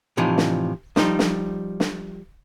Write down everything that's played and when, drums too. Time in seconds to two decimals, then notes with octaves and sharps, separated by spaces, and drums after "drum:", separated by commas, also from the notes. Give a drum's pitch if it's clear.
0.17 A2 C3 E3 F3 D4 D#4
0.38 drum: snare
0.96 F3 G3 D#4, drum: snare
1.19 drum: snare
1.80 drum: snare